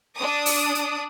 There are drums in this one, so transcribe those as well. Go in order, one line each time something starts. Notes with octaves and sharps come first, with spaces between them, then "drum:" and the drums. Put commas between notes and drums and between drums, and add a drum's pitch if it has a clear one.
D4 D#6
drum: open hi-hat
drum: hi-hat